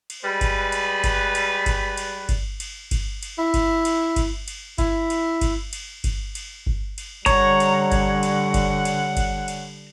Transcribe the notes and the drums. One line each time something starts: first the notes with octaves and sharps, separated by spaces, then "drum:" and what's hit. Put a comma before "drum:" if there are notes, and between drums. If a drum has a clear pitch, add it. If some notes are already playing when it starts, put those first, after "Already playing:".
drum: cymbal
G3 G#3 B4
drum: kick G1, cymbal
drum: cymbal
drum: kick G1, cymbal
drum: cymbal
drum: kick G1, cymbal
drum: cymbal
drum: kick G1, cymbal
drum: cymbal
drum: kick G1, cymbal
drum: cymbal
E4
drum: kick G1, cymbal
drum: cymbal
drum: kick G1, cymbal
drum: cymbal
E4, drum: kick G1, cymbal
drum: cymbal
drum: kick G1, cymbal
drum: cymbal
drum: kick G1, cymbal
drum: cymbal
drum: kick G1
drum: cymbal
D3 G3 C#5 F#5 A#5, drum: kick G1, cymbal
drum: cymbal
drum: kick G1, cymbal
drum: cymbal
drum: kick G1, cymbal
drum: cymbal
drum: kick G1, cymbal
drum: cymbal